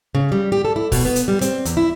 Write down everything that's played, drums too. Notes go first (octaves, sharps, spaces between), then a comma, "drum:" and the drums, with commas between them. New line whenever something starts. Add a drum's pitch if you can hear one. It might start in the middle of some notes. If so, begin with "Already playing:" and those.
C#3
G3
G4
A4
E4
B2, drum: kick, open hi-hat
B3
drum: hi-hat
G3
C4, drum: hi-hat
E2, drum: hi-hat
E4